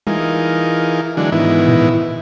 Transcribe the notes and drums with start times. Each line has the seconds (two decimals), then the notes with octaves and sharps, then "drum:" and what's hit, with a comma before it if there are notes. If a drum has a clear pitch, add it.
0.07 E3 D#4 F4 G#4 A#4, drum: tom G3
1.17 D3 E3 F#3 G#3 D4
1.32 G#2 D#3 E3 B3 E4
1.68 drum: tom A2